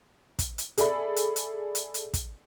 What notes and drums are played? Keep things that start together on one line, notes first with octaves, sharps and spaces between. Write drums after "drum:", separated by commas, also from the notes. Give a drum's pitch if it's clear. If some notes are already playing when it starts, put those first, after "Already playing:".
drum: kick, hi-hat
drum: hi-hat
G#4 A4 D5 E5 B5, drum: hi-hat
drum: hi-hat
drum: hi-hat
drum: hi-hat
drum: hi-hat
drum: kick, hi-hat